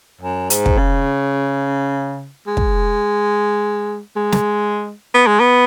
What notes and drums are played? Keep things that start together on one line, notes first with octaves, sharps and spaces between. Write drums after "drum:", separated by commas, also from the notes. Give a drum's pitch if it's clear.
F#2
G#2, drum: hi-hat
drum: kick
C#3
G#3
drum: kick
G#3
drum: snare
B3
G#3
B3